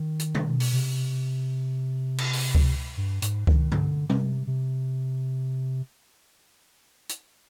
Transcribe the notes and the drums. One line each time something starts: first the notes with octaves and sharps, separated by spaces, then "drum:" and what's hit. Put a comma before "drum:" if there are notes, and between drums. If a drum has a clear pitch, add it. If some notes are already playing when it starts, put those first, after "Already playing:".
Already playing: D#3
drum: hi-hat
drum: tom B2
drum: open hi-hat
C3
drum: cymbal
drum: open hi-hat
drum: kick C#2
G2
G#2, drum: hi-hat
D#3, drum: kick C#2
D3, drum: tom G2
C3, drum: tom G3
C3
drum: hi-hat